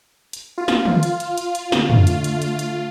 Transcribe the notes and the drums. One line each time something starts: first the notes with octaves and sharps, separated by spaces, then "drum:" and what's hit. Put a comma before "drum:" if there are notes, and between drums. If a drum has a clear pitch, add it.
drum: hi-hat
F4
drum: snare
drum: tom
drum: hi-hat
drum: hi-hat
drum: hi-hat
drum: hi-hat
D3 A3, drum: snare
drum: tom
drum: hi-hat
drum: hi-hat
drum: hi-hat
drum: hi-hat